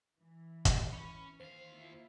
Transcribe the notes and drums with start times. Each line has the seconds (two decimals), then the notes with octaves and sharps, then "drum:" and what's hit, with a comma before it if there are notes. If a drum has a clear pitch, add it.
0.17 E3
0.65 drum: kick, hi-hat
0.92 C#4 B5 C#7
1.40 D#2 C5 F5
1.72 A#3 E4 F4